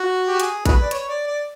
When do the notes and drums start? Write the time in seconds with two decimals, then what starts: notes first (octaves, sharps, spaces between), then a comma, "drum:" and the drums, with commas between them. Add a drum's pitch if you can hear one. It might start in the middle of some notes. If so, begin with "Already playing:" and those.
Already playing: F#4
0.28 G4
0.40 G#4, drum: hi-hat
0.65 F#4 G#4 B4, drum: kick A1, hi-hat
0.82 D5
0.91 C#5, drum: hi-hat
1.09 D5
1.27 D5